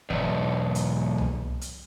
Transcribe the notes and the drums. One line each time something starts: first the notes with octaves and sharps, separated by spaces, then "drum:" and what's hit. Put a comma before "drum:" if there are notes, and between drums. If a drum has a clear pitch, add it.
B1 E2, drum: kick
drum: hi-hat
drum: tom C2
drum: hi-hat